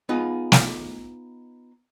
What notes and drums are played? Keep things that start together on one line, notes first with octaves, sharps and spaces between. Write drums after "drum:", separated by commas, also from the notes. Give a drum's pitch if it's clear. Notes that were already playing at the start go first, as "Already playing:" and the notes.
B3 D#4 F4 G#4
drum: snare